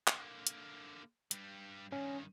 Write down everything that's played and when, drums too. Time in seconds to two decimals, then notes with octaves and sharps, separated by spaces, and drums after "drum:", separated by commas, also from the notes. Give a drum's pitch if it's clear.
0.07 D3 A#3, drum: clap
0.47 drum: hi-hat
1.31 G2 G3, drum: hi-hat
1.92 G2 D#3 C#4